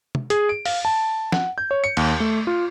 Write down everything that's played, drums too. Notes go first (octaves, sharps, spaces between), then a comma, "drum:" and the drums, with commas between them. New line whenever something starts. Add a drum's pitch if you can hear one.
drum: tom
G#4, drum: hi-hat
D7
F5, drum: open hi-hat
A5
F#5, drum: snare
G6
C#5
C#7
D#2, drum: cymbal
A3
F4